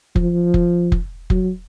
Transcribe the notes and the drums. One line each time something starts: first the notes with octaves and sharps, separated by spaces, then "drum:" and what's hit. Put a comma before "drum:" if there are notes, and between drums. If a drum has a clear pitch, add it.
F3, drum: kick F1
drum: kick F1
drum: kick F1
F#3, drum: kick F1